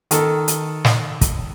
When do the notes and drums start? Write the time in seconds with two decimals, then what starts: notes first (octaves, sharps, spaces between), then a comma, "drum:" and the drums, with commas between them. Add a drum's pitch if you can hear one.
0.11 D#3 A4, drum: hi-hat
0.48 drum: hi-hat
0.85 drum: snare
1.21 drum: kick, hi-hat